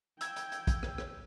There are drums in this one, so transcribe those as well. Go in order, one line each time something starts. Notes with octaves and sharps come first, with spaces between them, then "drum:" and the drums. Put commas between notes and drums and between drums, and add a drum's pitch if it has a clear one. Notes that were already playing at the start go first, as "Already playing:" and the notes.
G5 E6 G#6, drum: hi-hat
drum: hi-hat
drum: hi-hat
drum: kick, hi-hat
drum: rim click
drum: rim click